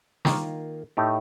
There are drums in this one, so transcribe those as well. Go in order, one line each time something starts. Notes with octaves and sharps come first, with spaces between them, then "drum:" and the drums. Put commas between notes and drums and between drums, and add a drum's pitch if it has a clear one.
D#3 A#3 F4, drum: snare
A2 A3 D#4 G4